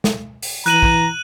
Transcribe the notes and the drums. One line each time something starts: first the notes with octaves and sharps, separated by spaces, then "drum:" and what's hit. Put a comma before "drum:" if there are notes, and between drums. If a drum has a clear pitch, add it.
drum: snare
drum: open hi-hat
E3 A#5 F#6 D#7 F#7, drum: hi-hat
drum: kick